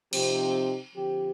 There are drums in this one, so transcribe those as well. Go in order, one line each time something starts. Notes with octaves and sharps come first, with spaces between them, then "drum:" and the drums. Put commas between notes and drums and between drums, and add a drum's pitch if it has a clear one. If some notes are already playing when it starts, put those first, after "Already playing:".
C3 F3 C4 D#4 G4, drum: cymbal
D3 F3 C4 G4